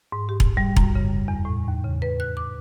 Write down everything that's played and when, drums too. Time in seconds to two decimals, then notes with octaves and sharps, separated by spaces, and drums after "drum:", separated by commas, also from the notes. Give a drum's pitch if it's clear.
0.12 G#2
0.29 G4
0.40 drum: kick E1
0.57 G3
0.77 F#2, drum: kick E1
0.95 C#3
1.28 E2
1.45 A2
1.68 D#2
1.84 C#3
2.02 B4
2.20 F#6
2.37 D6